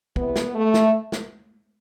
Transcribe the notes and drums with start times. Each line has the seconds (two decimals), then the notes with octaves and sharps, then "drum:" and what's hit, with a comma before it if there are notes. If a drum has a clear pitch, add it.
0.16 E2 C3 E3 B3, drum: kick
0.36 drum: snare
0.55 A3
0.74 drum: snare
1.12 drum: snare